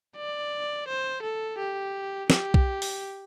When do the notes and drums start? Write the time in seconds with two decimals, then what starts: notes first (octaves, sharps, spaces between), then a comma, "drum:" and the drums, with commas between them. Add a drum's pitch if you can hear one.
0.17 D5
0.88 C5
1.23 A4
1.58 G4
2.30 G4, drum: snare
2.54 drum: kick
2.82 drum: open hi-hat